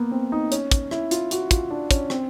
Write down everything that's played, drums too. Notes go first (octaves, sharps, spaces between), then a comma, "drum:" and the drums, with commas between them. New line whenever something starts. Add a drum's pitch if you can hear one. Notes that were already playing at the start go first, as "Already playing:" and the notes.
Already playing: A#3 B3
C4
D#4
C#4, drum: hi-hat
drum: kick, hi-hat
E4, drum: rim click
F4, drum: hi-hat
F#4, drum: hi-hat
F4, drum: kick, hi-hat
D4
C#4, drum: kick, hi-hat
C4, drum: rim click